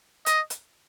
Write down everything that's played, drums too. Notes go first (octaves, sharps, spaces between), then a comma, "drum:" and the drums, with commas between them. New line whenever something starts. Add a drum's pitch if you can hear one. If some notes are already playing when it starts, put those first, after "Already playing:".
D#5, drum: hi-hat
drum: hi-hat